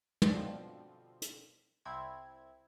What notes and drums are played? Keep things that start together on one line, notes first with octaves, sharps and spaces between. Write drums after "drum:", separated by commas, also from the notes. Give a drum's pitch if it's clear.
G2 B2 D3 F3 C4, drum: tom
drum: hi-hat
C2 C4 E4 G#6